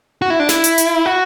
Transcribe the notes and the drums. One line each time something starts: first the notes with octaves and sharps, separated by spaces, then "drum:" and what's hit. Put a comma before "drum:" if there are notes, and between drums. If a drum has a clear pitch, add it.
F#4
E4
D4
E4, drum: snare
drum: hi-hat
drum: hi-hat
F#4